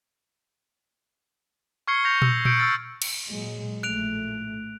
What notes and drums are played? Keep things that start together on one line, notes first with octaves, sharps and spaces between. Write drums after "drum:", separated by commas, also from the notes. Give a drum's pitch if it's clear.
C#6 F6 G#6 C7 C#7 G7
C#6 G6 A#6 C#7 F7
E6, drum: tom A#2
E6 G6 C#7 D7, drum: tom A#2
E6 F6 A6
drum: cymbal
A#2 F#3 G#3
A#1 A2 A3 F#6 D7 F7